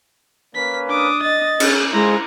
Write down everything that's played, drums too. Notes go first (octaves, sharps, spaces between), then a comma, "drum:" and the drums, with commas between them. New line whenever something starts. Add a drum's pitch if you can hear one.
A#3 C#4 B4 B6
D4 D6 D#6
D#5 A6
C#4 G#4, drum: cymbal
G#3 E4 F4 C5 A#5